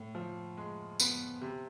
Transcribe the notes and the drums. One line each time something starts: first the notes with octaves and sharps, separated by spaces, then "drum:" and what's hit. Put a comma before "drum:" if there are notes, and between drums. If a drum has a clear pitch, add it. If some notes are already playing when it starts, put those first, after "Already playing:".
Already playing: A2
F3
G#3
B3, drum: tambourine
C3